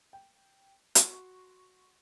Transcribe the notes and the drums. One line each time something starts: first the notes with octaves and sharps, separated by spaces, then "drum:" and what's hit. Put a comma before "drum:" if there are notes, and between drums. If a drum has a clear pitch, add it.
G5
F#4 C6 C#6, drum: hi-hat